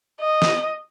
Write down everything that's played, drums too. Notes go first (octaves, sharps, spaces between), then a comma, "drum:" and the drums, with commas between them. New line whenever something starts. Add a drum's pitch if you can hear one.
D#5
drum: snare